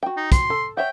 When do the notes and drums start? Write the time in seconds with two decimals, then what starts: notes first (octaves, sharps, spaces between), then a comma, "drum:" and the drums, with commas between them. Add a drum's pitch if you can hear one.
0.03 F#4 G5
0.17 D#4
0.32 C6, drum: kick, hi-hat
0.50 A4
0.77 C#5 E5 F#5 G5